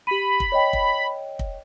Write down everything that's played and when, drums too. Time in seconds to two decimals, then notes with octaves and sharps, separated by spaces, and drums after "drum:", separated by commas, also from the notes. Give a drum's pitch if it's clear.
0.07 G4 B5 D#7
0.40 drum: kick
0.52 C#5 D#5 G5
0.73 drum: kick
1.39 drum: kick